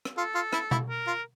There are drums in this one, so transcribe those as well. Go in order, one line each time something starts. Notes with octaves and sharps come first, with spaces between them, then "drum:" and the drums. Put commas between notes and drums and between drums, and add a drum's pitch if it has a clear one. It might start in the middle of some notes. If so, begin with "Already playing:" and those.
drum: rim click
F4 A4
F4
E4, drum: rim click
E4, drum: tom B2
A#4
F4